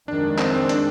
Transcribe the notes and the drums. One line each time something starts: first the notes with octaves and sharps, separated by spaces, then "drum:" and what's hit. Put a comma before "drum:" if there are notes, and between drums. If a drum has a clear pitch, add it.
F2 D#3 G#3 D4
C4, drum: clap
C4
D4, drum: hi-hat